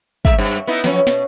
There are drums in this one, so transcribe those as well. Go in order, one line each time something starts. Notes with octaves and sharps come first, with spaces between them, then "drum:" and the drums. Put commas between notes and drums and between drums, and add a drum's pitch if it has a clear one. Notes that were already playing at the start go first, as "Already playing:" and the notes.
G#3 E5, drum: kick
G2
B3 D#4 E4
F3 F#3 C#4, drum: snare
B2, drum: snare